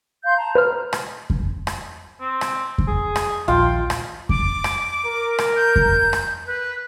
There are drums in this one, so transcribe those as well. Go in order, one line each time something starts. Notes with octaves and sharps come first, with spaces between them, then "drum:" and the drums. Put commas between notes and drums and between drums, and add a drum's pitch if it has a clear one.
F5 C6 G6
A5 A#5
B4 C5 A#5 F6
drum: rim click
drum: kick F2
drum: rim click
C4
drum: rim click
drum: kick F2
G#4
drum: rim click
A#1 D#2 F4 G5
drum: rim click
D6, drum: kick F2
drum: rim click
A#4
drum: rim click
G6
drum: kick F2
drum: rim click
B4